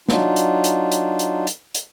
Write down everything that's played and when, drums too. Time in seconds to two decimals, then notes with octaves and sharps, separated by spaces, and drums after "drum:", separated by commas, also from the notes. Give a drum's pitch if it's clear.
0.09 F#3 D4 D#4 F4, drum: snare
0.36 drum: hi-hat
0.64 drum: hi-hat
0.92 drum: hi-hat
1.19 drum: hi-hat
1.47 drum: hi-hat
1.75 drum: hi-hat